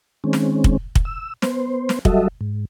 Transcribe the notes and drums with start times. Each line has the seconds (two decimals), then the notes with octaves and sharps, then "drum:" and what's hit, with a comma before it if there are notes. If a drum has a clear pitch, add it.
0.24 D#3 G#3 C4 C#4
0.33 drum: snare
0.64 drum: kick
0.95 drum: kick
1.05 E6
1.42 B3 C5, drum: snare
1.89 drum: snare
2.05 F#3 G3 F#4 A4 D#5 E5, drum: kick
2.41 G#2